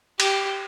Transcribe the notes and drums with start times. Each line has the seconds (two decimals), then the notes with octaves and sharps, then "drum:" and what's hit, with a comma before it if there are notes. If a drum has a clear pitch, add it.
0.20 G4, drum: cymbal